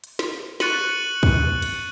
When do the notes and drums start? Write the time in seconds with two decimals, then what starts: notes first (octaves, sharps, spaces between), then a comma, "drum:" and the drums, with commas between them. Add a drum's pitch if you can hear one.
0.04 drum: hi-hat
0.19 drum: snare
0.60 C#6 F#6 A6 C#7 D#7 F#7, drum: snare
1.23 drum: kick
1.62 drum: cymbal